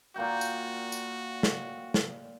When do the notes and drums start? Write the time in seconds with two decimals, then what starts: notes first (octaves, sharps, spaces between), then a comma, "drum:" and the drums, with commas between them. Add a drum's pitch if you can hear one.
0.16 A#2 A#3 F#4 G5
0.41 drum: tambourine
0.92 drum: tambourine
1.43 drum: snare
1.94 drum: snare